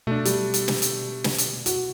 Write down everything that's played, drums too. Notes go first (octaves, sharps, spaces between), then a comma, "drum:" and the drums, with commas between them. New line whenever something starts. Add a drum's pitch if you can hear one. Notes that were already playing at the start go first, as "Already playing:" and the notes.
B2 A3 D4
G3, drum: hi-hat
drum: hi-hat
drum: snare
drum: hi-hat
drum: snare
drum: hi-hat
F#4, drum: hi-hat